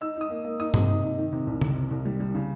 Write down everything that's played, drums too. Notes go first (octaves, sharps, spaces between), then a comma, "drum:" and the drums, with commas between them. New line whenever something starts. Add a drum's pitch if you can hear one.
D#4 E6
D#4 D#6
A#3
A#3
D#4 D#6
C3, drum: tom G2
D#4
D#4
D#3
C3
C2
C3, drum: tom C#3
C3
C2
G3
G3
C#3